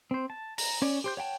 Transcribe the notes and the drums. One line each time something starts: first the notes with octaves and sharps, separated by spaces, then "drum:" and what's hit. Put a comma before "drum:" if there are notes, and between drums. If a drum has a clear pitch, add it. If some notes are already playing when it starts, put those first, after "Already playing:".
C4 C5
A5
A#5, drum: open hi-hat
C#4 C#5 D5 C#6
G4 C5 G6
C#5 F#5 G5 A5